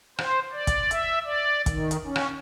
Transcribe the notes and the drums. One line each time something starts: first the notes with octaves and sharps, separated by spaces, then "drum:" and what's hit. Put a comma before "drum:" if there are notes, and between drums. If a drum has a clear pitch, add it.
C5, drum: rim click
D5
drum: kick, hi-hat
E5, drum: hi-hat
D5
D#3, drum: kick, hi-hat
drum: hi-hat
C#4
drum: rim click